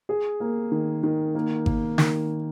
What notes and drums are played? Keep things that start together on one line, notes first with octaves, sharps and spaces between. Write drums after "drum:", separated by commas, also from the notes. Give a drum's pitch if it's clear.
G#4
A#3
D#3
D#3
A#3
A#3, drum: kick G#1
D#3, drum: snare